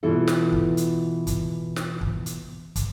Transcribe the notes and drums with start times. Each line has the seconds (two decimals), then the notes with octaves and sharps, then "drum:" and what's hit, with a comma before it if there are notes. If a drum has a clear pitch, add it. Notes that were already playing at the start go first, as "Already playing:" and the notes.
0.03 B2 E3 E4 F4 A4
0.28 drum: snare
0.52 drum: kick
0.77 drum: hi-hat
1.27 drum: kick, hi-hat
1.76 drum: snare
2.01 drum: kick
2.26 drum: hi-hat
2.76 drum: kick, hi-hat